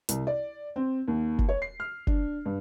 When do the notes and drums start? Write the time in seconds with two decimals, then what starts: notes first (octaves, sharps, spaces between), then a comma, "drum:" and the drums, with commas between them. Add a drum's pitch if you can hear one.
0.09 C2, drum: hi-hat
0.27 D5
0.76 C4
1.08 D#2
1.39 drum: kick
1.49 C#5
1.62 C7
1.80 F6
2.07 D4, drum: kick
2.45 G2